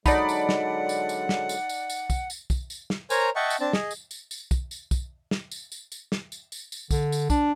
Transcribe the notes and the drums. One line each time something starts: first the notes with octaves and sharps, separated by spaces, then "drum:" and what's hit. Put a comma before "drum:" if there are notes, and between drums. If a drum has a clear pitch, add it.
D3 F#3 G#3 D#4 D5 F#5 A5 B5, drum: kick, tambourine
drum: tambourine
drum: snare
drum: tambourine
drum: tambourine
drum: snare
drum: tambourine
drum: tambourine
drum: tambourine
drum: kick, tambourine
drum: tambourine
drum: kick, tambourine
drum: tambourine
drum: snare
A#4 C5 C#5 G#5 A#5, drum: tambourine
D#5 E5 F#5 G5 A5 C#6
drum: tambourine
C4 D4 A5
G#4 D#5, drum: snare
drum: tambourine
drum: tambourine
drum: tambourine
drum: kick, tambourine
drum: tambourine
drum: kick, tambourine
drum: snare
drum: tambourine
drum: tambourine
drum: tambourine
drum: snare
drum: tambourine
drum: tambourine
drum: tambourine
D3, drum: kick, tambourine
drum: tambourine
D4, drum: kick, tambourine